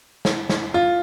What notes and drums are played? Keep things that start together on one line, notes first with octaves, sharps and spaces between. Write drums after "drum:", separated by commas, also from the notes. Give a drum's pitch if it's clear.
drum: snare
drum: snare
F4